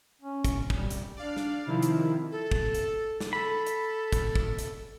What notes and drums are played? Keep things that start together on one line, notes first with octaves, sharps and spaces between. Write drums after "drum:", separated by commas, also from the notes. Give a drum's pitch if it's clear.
C#4
drum: kick, hi-hat
G3, drum: kick
drum: hi-hat
D4 D5 F5
drum: snare
C3 D#3 F3 E4
drum: hi-hat
A4
drum: kick
drum: hi-hat
drum: snare
A4 B5
drum: hi-hat
drum: kick, hi-hat
drum: kick
drum: hi-hat